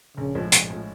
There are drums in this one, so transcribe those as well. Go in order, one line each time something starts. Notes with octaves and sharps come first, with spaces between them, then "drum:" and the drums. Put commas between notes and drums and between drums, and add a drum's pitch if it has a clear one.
A#1 C#3
A2 F3 G#3
A#1, drum: hi-hat
A2 F3 G#3